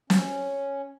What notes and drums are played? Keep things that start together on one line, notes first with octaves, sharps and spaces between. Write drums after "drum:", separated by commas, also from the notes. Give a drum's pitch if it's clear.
C#4, drum: snare